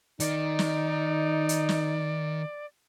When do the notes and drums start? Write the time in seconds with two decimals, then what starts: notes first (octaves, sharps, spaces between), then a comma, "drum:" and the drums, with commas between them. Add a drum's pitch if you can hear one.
0.20 D#3 D#4 D5, drum: hi-hat
0.59 drum: snare
1.49 drum: hi-hat
1.69 drum: snare